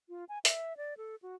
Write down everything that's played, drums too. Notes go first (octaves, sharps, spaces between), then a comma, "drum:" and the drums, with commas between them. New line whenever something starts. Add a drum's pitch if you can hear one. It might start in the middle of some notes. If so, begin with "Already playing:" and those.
F4
G#5
E5, drum: hi-hat
D5
A4
F#4